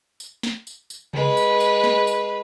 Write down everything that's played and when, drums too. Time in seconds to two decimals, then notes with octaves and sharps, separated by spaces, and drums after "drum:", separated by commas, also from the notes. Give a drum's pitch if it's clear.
0.20 drum: tambourine
0.43 drum: snare
0.67 drum: tambourine
0.90 drum: tambourine
1.14 G#3 B4, drum: tom C3
1.37 drum: tambourine
1.60 drum: tambourine
1.84 drum: snare
2.07 drum: tambourine